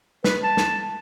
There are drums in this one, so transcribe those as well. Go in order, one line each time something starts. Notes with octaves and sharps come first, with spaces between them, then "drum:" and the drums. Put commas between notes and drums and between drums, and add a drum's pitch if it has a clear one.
B4, drum: snare
A5
drum: snare